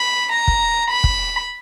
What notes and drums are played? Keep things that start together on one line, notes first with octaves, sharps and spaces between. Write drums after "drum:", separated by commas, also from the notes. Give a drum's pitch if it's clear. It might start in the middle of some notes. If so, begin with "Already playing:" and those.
Already playing: B5
A#5
drum: kick
B5
drum: kick